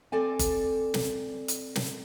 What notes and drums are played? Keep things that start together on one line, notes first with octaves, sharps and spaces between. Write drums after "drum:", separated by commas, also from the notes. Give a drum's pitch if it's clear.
C4 A4 D5 G#5
drum: kick G1, hi-hat
drum: snare
drum: hi-hat
drum: snare